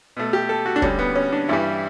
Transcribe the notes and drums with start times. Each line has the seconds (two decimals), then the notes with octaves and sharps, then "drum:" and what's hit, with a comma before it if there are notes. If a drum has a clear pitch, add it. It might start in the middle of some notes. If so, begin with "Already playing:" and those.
0.17 B2 A3
0.33 G4
0.49 A4
0.66 F#4
0.76 D4
0.82 D2 D3 G3 C#4, drum: kick
0.99 B3
1.16 C#4
1.33 D4
1.49 G2 E3 G3 E4